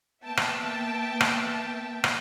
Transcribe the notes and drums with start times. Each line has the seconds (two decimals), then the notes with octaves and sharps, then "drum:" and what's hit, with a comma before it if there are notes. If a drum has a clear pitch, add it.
0.24 A#3 B3 E5 G5 A5
0.37 drum: rim click
1.21 drum: rim click
2.04 drum: rim click